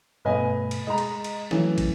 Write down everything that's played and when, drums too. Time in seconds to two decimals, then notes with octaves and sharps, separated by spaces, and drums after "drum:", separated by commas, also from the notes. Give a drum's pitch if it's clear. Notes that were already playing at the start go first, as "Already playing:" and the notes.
0.25 G2 B2 A3 B4 D#5 G#5
0.71 drum: cymbal
0.87 G#3 D#5 A#5
0.98 drum: cymbal
1.24 drum: cymbal
1.51 E3 F#3 A3 C#4, drum: snare
1.78 drum: kick, cymbal